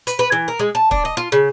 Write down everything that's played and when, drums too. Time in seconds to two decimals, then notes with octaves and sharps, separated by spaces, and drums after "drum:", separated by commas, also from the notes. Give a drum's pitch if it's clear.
0.07 B4, drum: hi-hat
0.19 B4
0.32 E3
0.48 A#4
0.60 G#3
0.75 A5
0.91 D4, drum: kick
1.05 D#5
1.17 F4
1.32 C#3